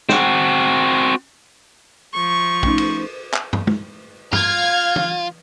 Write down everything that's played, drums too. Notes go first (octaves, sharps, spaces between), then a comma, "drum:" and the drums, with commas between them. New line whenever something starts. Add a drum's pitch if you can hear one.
C4 F#4, drum: snare
F3 C#6
A3 C#4 D#4, drum: kick B1
drum: cymbal
drum: clap
drum: tom
drum: tom
F4 F5 F6 G#6, drum: tom
drum: tom